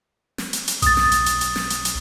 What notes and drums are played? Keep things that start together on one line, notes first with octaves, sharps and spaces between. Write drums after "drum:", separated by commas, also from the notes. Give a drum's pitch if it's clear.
drum: snare
drum: hi-hat
drum: hi-hat
B1 D#6 A6, drum: hi-hat
drum: snare
drum: hi-hat
drum: hi-hat
drum: hi-hat
drum: snare
drum: hi-hat
drum: hi-hat